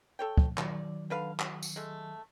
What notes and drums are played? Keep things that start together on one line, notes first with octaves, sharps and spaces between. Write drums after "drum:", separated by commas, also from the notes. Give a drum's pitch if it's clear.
A4 C#5 G5
drum: kick
D#3 F#3 D5, drum: clap
D3 B4 F5
F#4, drum: clap
drum: tambourine
G#3 A3